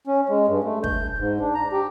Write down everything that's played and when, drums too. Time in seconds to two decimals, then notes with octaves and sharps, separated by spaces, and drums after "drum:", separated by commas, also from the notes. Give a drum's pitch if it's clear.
0.07 C#4
0.29 G#3
0.48 G2
0.64 A3
0.84 G6, drum: kick
1.19 G#2
1.40 D4
1.55 A#5
1.73 G4